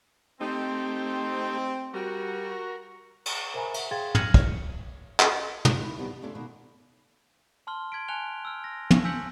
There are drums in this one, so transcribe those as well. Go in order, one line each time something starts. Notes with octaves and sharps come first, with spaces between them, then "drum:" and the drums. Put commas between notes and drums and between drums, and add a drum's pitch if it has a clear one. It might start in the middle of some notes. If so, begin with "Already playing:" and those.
A3 C4 D#4 G4
G3 F#4 A#4
drum: cymbal
A#4 C5 E5 G#5 A#5 B5
E5 F#5, drum: cymbal
G#4 F5 G5 C6 G#6 A6
F6 G#6 A#6 C#7 D#7 F#7, drum: tom
drum: kick
drum: clap
A2 C3 F3 F4, drum: tom
D#3 A#3 E4
B2 D#3 G3 B3 C4
D4
A3 A#3 C#4 D4 F4 D5
B2 D#3 A#3
A5 C6 F6 G7
C6 G#6 B6 D7
G#5 A5 F#6 C#7 F7 G7
E6 F6
A#6
drum: tom
G#5 E6 G6 B6 C#7 F#7